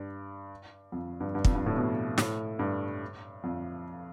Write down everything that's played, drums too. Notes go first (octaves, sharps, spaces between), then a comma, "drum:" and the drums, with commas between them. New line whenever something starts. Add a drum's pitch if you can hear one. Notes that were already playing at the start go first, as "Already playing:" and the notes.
Already playing: G2
F2
G2
G2
F2, drum: kick
G2
A2
B2
A2, drum: snare
G2
F2